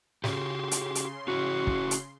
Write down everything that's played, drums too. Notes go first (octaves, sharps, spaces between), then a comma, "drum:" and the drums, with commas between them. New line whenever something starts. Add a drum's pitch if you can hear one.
C#3 F#4 G4 C6, drum: snare
drum: hi-hat
drum: hi-hat
C#4 E4 F#4 C#5
drum: kick
drum: hi-hat